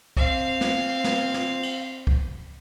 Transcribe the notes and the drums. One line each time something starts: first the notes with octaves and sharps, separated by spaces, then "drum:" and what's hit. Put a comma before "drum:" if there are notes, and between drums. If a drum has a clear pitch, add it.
C4 F5, drum: kick C2
drum: snare
drum: snare
drum: snare
drum: cymbal
drum: kick C2